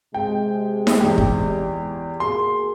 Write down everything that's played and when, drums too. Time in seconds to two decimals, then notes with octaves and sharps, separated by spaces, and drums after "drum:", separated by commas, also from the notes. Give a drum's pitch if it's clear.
0.14 C3 G#3 G5
0.87 drum: snare D#4
1.00 E2 G4
1.18 drum: kick
2.20 A#3 F#4 G#4 C6